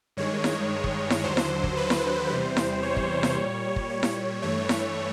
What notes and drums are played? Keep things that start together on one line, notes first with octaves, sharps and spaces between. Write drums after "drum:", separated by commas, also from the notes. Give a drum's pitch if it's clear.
G2 D#3 G#3 C#5
drum: snare E4
drum: kick
drum: snare E4
D#2 D3 F#3 C5
drum: snare E4
drum: kick
B4
drum: snare E4
E2 C3 E3 G3 C5
drum: snare E4
C#5
drum: kick
drum: snare E4
A#2
G3
drum: kick
C#5
drum: snare E4
G2 E3 A3 C#5
drum: snare E4